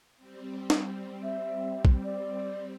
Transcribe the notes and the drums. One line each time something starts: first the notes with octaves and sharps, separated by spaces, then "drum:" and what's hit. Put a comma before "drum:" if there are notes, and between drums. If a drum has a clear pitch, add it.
G3 C4
drum: snare
E5
drum: kick A#1
D5